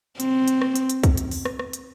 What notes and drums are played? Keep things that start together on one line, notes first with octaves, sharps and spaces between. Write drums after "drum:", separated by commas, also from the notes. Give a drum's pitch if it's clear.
C4, drum: hi-hat
drum: hi-hat
drum: rim click
drum: hi-hat
drum: hi-hat
drum: kick, hi-hat
drum: hi-hat
drum: open hi-hat
drum: rim click
drum: rim click
drum: hi-hat